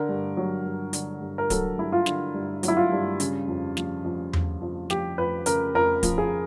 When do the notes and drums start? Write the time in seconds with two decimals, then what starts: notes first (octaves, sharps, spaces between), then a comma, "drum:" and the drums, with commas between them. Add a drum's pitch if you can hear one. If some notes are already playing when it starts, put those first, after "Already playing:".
Already playing: D3 A#4
0.09 G2
0.37 F#3
0.65 G2
0.93 D3, drum: hi-hat
1.21 G2
1.38 A#4
1.50 F#3 A4, drum: kick D1, hi-hat
1.78 G2 E4
1.92 F4
2.06 D3, drum: snare
2.34 G2
2.63 F#3, drum: hi-hat
2.68 E4
2.77 F4
2.92 G2
3.20 C#3, drum: hi-hat
3.48 F2
3.77 F3, drum: snare
4.04 F2
4.33 C#3, drum: tom E2
4.62 F2
4.90 F3 G4, drum: snare
5.18 F2 B4
5.46 C#3 A#4, drum: hi-hat
5.75 F2 A#4
6.03 F3, drum: kick D1, hi-hat
6.18 G#4